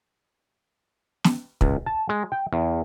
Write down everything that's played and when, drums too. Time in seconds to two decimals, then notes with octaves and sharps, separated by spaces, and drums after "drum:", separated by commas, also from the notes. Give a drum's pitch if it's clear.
1.24 drum: snare
1.61 C#2, drum: kick
1.86 A5
2.09 G#3
2.32 G5
2.53 E2